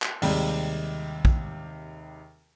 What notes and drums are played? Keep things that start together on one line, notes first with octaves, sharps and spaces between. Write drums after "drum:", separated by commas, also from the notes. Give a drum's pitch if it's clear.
drum: clap
D#2 C3 G3 G#3, drum: open hi-hat
drum: kick A#1